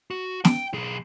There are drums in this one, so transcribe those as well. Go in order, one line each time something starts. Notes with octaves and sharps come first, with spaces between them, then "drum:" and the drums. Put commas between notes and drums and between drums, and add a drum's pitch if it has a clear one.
F#4
G5, drum: snare
B1 G#4